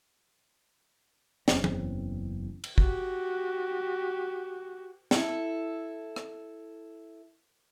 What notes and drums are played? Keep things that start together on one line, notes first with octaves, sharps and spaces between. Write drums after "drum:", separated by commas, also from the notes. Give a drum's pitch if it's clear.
F#1 E2 C4 C#4, drum: snare
drum: tom
drum: cymbal
F#4 G4, drum: kick
E4 A4, drum: snare
drum: rim click